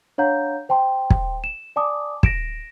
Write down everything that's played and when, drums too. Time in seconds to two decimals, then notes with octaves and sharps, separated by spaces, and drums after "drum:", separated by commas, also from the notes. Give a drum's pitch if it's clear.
0.18 D4 C#5 F5 F#5 A#5 G6
0.69 C5 G5 A5 C6
1.10 drum: kick
1.44 E7
1.76 D5 G#5 A5 D6 D#6
2.23 A#6 D7 E7, drum: kick